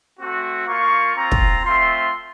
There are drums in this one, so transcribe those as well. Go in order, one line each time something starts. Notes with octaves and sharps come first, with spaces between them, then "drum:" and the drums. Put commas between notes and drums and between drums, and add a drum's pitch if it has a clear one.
A3 C4 F#4
A#3 F4 C#6
C4 F4 A#5
drum: kick
A3 C4 F4 C6